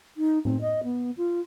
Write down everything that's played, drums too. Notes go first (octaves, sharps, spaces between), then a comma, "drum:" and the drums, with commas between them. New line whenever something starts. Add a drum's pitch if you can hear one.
D#4
C4, drum: tom A2
D#5
B3
F4